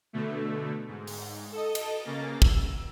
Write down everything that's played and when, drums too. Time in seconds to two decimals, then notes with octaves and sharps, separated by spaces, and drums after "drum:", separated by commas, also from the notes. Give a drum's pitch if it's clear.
0.13 B2 D3 A3
0.88 G#2
1.07 drum: open hi-hat
1.52 A4 D#5
1.75 drum: cymbal
2.04 C#3 A#3 A6
2.42 E6, drum: kick